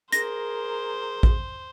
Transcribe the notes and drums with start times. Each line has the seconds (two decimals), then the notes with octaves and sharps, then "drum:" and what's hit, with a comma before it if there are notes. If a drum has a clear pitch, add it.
0.13 G#4 A#4 C5 A#6, drum: hi-hat
1.23 drum: kick A1